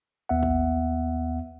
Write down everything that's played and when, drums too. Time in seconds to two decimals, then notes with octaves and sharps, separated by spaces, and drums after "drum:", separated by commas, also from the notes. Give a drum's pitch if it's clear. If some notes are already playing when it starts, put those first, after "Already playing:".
0.29 D#2 B3 E5 F#5
0.43 drum: kick